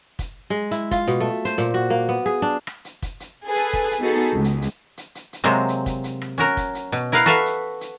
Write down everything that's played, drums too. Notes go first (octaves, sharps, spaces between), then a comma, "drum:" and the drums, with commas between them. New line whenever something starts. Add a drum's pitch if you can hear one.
drum: kick, hi-hat
G#3
E4, drum: hi-hat
F4, drum: kick, hi-hat
B2, drum: hi-hat
A3
C5, drum: hi-hat
A#2, drum: hi-hat
F#4
A#3
B3
G#4
D4
drum: rim click
drum: hi-hat
drum: kick, hi-hat
drum: hi-hat
G#4 A4 B4
drum: hi-hat
drum: kick, hi-hat
drum: hi-hat
B3 D#4 F#4 G#4 A4
C#2 G#3
drum: hi-hat
drum: hi-hat
drum: hi-hat
drum: hi-hat
drum: hi-hat
C3 F#3 G#3 A#3 C4
drum: hi-hat
drum: kick, hi-hat
drum: hi-hat
drum: rim click
C#4 F#4 A#4, drum: hi-hat
drum: kick, hi-hat
drum: hi-hat
B2, drum: hi-hat
E4 A#4 B4 F5 F#5, drum: hi-hat
F#4 A4 B4 E5 F5, drum: hi-hat
drum: hi-hat
drum: hi-hat